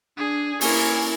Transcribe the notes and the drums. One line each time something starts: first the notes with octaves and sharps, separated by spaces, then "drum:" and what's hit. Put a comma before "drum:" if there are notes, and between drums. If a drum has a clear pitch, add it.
D4 G#4
A#3 C#4 E4 A#4 C#5 G#5, drum: open hi-hat